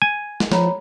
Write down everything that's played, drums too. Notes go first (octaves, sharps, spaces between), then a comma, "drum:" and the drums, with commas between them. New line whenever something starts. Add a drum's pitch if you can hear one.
G#5
drum: snare
F3 C#5 A#5 B5, drum: snare